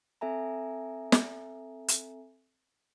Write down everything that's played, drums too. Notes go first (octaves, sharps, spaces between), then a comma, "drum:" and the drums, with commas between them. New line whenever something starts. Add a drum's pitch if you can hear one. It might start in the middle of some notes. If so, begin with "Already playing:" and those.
C4 A4 E5 G#5 A#5
drum: snare
drum: hi-hat